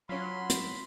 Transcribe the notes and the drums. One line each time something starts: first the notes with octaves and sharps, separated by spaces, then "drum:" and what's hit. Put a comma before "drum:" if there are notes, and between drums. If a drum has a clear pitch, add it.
F#3 C#4 F4 B5 C6
drum: hi-hat